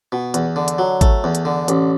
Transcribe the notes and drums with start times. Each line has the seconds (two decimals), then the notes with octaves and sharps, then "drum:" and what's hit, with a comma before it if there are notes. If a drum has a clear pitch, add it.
0.12 B2
0.34 E2, drum: hi-hat
0.56 D3
0.68 drum: hi-hat
0.78 F#3
1.01 A3, drum: kick G#1, hi-hat
1.24 E2
1.35 drum: hi-hat
1.45 D3
1.68 A1, drum: hi-hat